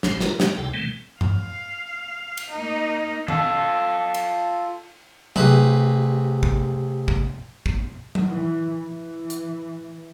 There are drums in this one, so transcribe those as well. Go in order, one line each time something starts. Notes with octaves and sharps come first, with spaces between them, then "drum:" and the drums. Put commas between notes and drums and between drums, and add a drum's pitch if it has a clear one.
G#1 A2 F3 C4, drum: snare
D4 F4 F#4 A#4 B4 A#5, drum: snare
A#3, drum: snare
D2 C3 A4 G5
B2 D#3 E3 G3 A3 C4
F5, drum: tom G2
drum: cymbal
A#3 D#4
F4 A4, drum: tom D#3
drum: cymbal
A1 C3 G#4 B4, drum: tom F#3
drum: kick
drum: kick
drum: kick
drum: tom F#3
E3
E3
drum: hi-hat